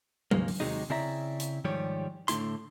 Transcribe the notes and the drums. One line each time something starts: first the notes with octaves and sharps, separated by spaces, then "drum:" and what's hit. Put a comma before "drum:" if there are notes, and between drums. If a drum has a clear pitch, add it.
D#2 G#2 C#3 F3 A#3, drum: tom F#3
drum: open hi-hat
D#2 C3 F#3 G#3 D#4
C#3 C4 E4 D5 E5 A#5
drum: hi-hat
G#2 D#3 F3 G3 G4 C#5
A2 D3 A3 E4 C6, drum: hi-hat